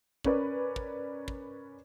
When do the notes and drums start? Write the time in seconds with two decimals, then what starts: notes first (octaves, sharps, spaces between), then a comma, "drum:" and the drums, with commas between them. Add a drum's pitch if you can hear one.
0.24 C#4 A#4 B4 D5, drum: kick
0.76 drum: kick
1.28 drum: kick